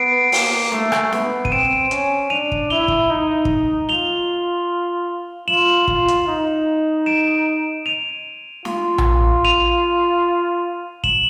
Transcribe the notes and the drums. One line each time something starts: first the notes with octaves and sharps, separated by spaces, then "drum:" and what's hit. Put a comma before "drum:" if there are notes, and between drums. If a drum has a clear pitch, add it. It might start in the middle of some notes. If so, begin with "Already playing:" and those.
Already playing: B3 C7 D7
A#3, drum: open hi-hat
A3, drum: snare
drum: rim click
B3, drum: snare
D#7, drum: kick
C4 D7 E7
C#4, drum: hi-hat
D4 D#7 F7
drum: kick
E4 F7 G7
drum: kick
D#4
drum: kick
F4 F7 G7
F4 E7 F#7
F4, drum: kick
drum: hi-hat
D#4
D7 E7
D#7 F7
F4, drum: snare
drum: tom A#1
D#7 F7
E7 F#7, drum: kick